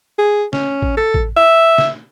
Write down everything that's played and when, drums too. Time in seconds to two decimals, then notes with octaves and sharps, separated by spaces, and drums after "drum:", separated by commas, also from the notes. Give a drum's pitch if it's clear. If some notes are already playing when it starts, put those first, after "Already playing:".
0.18 G#4
0.53 C#4, drum: snare
0.82 drum: kick A1
0.97 A4
1.14 drum: kick A1
1.37 E5
1.78 drum: snare